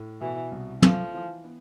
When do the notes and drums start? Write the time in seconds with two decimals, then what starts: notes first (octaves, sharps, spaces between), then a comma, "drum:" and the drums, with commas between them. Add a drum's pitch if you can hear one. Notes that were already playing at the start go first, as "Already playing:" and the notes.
Already playing: A2
0.21 B2 E3
0.52 C2
0.82 F3 A3, drum: tom
1.14 E3
1.44 B3